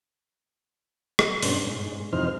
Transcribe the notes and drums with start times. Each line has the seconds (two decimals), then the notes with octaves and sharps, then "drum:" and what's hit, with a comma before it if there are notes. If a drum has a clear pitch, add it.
1.19 drum: rim click
1.42 G2 B2 C#4 D4 C6, drum: open hi-hat
1.67 G#2
2.13 F2 C3 E3 D#4 C5 F6